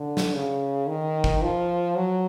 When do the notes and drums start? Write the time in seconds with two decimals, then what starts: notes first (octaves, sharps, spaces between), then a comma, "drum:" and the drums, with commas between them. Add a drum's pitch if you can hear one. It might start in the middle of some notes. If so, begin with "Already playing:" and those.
Already playing: D3
0.17 drum: snare
0.34 C#3
0.87 D#3
1.24 drum: kick
1.42 F3
1.96 F#3